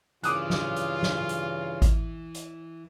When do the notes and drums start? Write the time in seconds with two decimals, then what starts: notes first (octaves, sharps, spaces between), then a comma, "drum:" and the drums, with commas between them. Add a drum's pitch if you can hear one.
0.24 G2 C#3 E3 C#4 F4 D6 D#6 F#6, drum: hi-hat
0.50 drum: snare
0.76 drum: hi-hat
1.03 drum: snare
1.29 drum: hi-hat
1.82 drum: kick G#1, hi-hat
2.35 drum: hi-hat